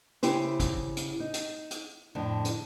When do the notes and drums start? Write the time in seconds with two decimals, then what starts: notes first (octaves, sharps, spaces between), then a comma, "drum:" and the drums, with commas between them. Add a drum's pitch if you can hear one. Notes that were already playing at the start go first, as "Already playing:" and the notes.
0.23 C#3 E4 G4 C5, drum: hi-hat
0.60 drum: kick, hi-hat
0.97 drum: hi-hat
1.20 D#4
1.34 drum: hi-hat
1.71 drum: hi-hat
2.15 F2 A2 D3
2.45 drum: hi-hat